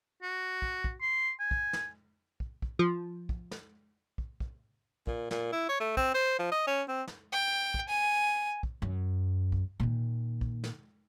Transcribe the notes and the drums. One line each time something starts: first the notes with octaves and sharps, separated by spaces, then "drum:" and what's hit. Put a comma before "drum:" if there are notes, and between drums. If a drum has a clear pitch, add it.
F#4
drum: kick
drum: kick
C6
G#5
drum: kick
drum: snare
drum: kick
drum: kick
F3
drum: kick
drum: snare
drum: kick
drum: kick
A#2, drum: kick
A#2, drum: snare
E4
C#5
A3
C4, drum: kick
C5
F3
D#5
C#4
C4
drum: snare
G5
drum: kick
G#5
drum: kick
F#2
drum: kick
A#2 D#3
drum: kick
drum: snare